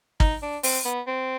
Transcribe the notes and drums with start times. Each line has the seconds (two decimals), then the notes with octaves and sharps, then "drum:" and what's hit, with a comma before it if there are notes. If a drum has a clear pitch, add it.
0.20 D#4, drum: kick G#1
0.42 D4
0.63 C4, drum: open hi-hat
0.85 B3
1.07 C4